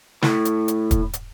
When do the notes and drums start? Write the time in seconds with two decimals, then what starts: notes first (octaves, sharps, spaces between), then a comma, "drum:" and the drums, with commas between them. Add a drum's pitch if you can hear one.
0.23 A2, drum: snare
0.45 drum: hi-hat
0.68 drum: hi-hat
0.91 drum: kick, hi-hat
1.13 drum: hi-hat